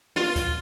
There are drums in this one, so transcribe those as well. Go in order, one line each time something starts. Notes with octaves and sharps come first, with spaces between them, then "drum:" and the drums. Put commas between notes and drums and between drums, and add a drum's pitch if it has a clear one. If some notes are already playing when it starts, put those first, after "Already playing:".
F4, drum: snare
drum: kick C#2, hi-hat